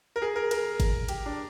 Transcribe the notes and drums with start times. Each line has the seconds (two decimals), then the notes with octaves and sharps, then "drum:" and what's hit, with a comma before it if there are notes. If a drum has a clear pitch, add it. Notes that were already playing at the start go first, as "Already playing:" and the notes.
0.16 A#4
0.22 G#4
0.36 A#4
0.51 A#4, drum: cymbal
0.80 drum: kick G1, cymbal
1.09 G4, drum: cymbal
1.26 D4